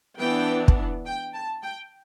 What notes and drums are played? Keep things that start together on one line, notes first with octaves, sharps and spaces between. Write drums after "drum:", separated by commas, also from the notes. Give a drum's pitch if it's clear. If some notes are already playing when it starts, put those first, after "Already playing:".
E3 B3 D4 G5
drum: kick
G5
A5
G5